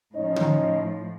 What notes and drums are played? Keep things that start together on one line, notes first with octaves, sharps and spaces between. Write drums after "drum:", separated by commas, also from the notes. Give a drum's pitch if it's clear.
A2 F3 C#4 D#4 C#5 D#5
drum: tom D3